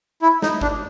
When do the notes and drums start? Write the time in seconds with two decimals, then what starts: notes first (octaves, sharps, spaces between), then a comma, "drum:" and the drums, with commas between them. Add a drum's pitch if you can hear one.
0.22 E4
0.42 D#4, drum: snare
0.61 D4, drum: kick